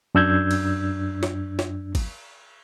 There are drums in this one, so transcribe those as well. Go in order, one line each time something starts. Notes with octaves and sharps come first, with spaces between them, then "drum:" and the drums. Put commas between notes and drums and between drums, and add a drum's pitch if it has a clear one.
F#2 D4 E6 G6 G#6
drum: cymbal
drum: snare
drum: snare
drum: kick, cymbal